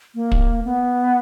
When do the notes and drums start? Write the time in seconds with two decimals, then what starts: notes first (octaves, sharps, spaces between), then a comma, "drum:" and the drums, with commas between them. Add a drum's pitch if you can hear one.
0.15 A#3
0.32 drum: kick
0.65 B3